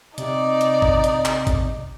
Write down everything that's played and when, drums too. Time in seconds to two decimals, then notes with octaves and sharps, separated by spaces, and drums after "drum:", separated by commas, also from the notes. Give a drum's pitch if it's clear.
0.18 C3 D#4 D5, drum: hi-hat
0.61 drum: hi-hat
0.82 drum: kick A1
1.04 drum: hi-hat
1.25 drum: clap
1.47 drum: kick A1, hi-hat